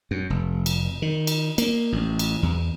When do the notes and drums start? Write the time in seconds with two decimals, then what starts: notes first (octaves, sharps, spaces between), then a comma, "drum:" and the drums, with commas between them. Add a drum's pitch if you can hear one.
0.11 F#2
0.30 F1
0.66 drum: cymbal
1.02 D#3
1.27 drum: cymbal
1.58 A#3, drum: cymbal
1.92 A1
2.19 drum: cymbal
2.43 E2